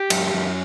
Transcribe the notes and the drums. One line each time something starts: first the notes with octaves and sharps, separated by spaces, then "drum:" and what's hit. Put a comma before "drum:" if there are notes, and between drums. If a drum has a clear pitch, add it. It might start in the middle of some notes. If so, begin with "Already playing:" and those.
Already playing: G4
F#2, drum: cymbal
F#2